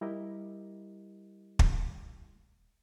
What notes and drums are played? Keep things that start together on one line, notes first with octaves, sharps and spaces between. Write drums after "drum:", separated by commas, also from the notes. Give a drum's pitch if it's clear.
G3 E4 G4 A#4 D#5
drum: kick